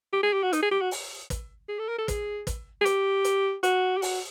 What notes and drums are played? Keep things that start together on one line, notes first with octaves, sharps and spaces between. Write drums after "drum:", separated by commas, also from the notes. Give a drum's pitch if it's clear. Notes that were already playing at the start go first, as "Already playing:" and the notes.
G4
G#4
G4
F#4
D#4, drum: hi-hat
G#4
G4
F#4
drum: open hi-hat
drum: kick, hi-hat
G#4
A4
A#4
A4
G#4, drum: kick, hi-hat
drum: kick, hi-hat
G#4
G4, drum: hi-hat
drum: hi-hat
F#4, drum: hi-hat
G4
F#4, drum: open hi-hat